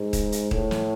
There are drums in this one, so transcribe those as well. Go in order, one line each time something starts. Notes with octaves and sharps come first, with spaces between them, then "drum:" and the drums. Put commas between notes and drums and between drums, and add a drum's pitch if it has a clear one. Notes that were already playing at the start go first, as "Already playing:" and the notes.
Already playing: G#2
drum: kick D#1, hi-hat
drum: hi-hat
A2, drum: kick D#1
drum: snare